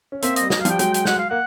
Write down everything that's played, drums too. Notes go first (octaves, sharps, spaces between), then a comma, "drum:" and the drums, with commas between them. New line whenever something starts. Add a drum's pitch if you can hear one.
C#4
A#3 C4 E5, drum: hi-hat
G3 D#5, drum: hi-hat
F#3 D#5, drum: snare
F5
F3 G3 G5, drum: hi-hat
F#3 G#3 G5, drum: hi-hat
G5, drum: hi-hat
F#5, drum: snare
F5
A#3 F#5